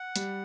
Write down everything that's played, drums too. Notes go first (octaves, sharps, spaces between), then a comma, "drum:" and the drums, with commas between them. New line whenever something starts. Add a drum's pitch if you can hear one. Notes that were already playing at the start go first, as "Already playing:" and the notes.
Already playing: F#5
G3, drum: hi-hat